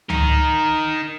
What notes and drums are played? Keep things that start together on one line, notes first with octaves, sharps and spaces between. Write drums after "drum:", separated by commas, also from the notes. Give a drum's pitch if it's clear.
D#4 A#4, drum: tom C#2